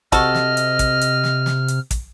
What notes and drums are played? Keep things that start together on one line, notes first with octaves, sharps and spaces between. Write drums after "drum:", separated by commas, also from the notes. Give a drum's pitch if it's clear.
C3 F#4 A4 D#5 F6, drum: kick, hi-hat
drum: snare
drum: hi-hat
drum: kick, hi-hat
drum: hi-hat
drum: snare
drum: snare
drum: hi-hat
drum: kick, hi-hat